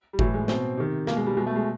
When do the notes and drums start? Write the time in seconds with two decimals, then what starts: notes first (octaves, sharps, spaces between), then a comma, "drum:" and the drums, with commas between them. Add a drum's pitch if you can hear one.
0.13 G3
0.19 A2 E3 F#3, drum: kick G1
0.34 G#3
0.48 B2 C4, drum: snare
0.77 C3 D#3
1.07 B2 A#3, drum: snare
1.17 G#3
1.27 G3
1.37 B2 G#3
1.47 A3
1.56 G#3